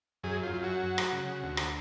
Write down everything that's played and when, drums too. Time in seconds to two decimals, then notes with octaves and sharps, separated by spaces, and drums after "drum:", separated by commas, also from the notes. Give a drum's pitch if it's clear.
0.23 F#2 G#4
0.43 F4
0.53 F#2
0.64 F#4
0.83 F#3
0.98 drum: rim click
1.13 C#3
1.43 D2
1.57 drum: rim click